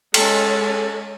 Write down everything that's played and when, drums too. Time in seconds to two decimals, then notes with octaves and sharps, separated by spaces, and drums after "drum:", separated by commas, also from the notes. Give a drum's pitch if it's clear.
0.14 G#3 C#4 A4, drum: cymbal